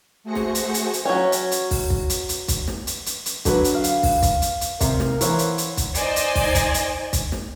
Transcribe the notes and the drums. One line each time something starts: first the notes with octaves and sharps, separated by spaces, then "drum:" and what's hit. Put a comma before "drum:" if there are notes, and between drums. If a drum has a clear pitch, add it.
A3 F#4 G#4 C5 A#6 C#7
drum: snare
drum: hi-hat
drum: hi-hat
drum: hi-hat
F#3 C#4
drum: hi-hat
drum: hi-hat
drum: kick, open hi-hat
drum: kick
drum: hi-hat
drum: hi-hat
drum: kick, hi-hat
drum: snare
drum: hi-hat
drum: hi-hat
drum: hi-hat
D3 F#3 B4, drum: kick, hi-hat
drum: hi-hat
F5
drum: hi-hat
drum: kick, open hi-hat
drum: kick, hi-hat
drum: hi-hat
drum: hi-hat
C3 A#4, drum: kick, hi-hat
drum: snare
E3 C5 C#5 F#5, drum: hi-hat
drum: hi-hat
drum: hi-hat
drum: kick, hi-hat
D#4 C5 D5 D#5 G#5, drum: hi-hat
drum: hi-hat
drum: kick, open hi-hat
drum: kick, hi-hat
drum: hi-hat
drum: kick, hi-hat
drum: snare